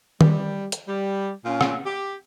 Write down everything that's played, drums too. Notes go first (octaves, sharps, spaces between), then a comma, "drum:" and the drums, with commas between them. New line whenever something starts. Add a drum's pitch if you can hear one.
G3, drum: tom D#3
drum: hi-hat
G3
A#2 C#4 F4
drum: rim click
G4